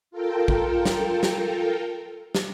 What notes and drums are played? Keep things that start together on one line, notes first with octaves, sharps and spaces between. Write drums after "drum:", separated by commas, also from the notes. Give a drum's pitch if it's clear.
F4 A4 A#4 G5
drum: kick A1
drum: snare
drum: snare
drum: snare